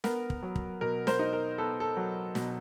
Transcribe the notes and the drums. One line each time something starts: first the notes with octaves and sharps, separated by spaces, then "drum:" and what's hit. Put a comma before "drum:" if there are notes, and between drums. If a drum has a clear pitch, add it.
B3 A#4, drum: snare
drum: kick
F#3
drum: kick
B2 A#4
A#4 C5, drum: snare
D#4
A#4
B3 A4
A4
F#3
B2, drum: snare